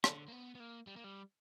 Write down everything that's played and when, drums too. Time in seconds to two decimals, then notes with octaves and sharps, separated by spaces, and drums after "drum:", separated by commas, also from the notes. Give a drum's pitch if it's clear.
0.04 D3, drum: rim click
0.28 A#3
0.32 B3
0.55 B3
0.60 A#3
0.87 G3
0.96 A#3
1.04 G3